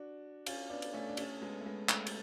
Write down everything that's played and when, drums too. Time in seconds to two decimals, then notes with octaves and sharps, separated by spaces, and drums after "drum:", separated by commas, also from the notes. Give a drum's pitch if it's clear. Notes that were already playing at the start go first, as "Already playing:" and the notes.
Already playing: D4 F#4
0.46 C#4 F4, drum: cymbal
0.70 B3 D4
0.82 drum: cymbal
0.93 A3 C#4
1.09 D4
1.17 A3 C#4, drum: cymbal
1.42 G#3 B3
1.61 A3
1.65 G#3 B3
1.89 A3 C#4, drum: clap
2.07 drum: cymbal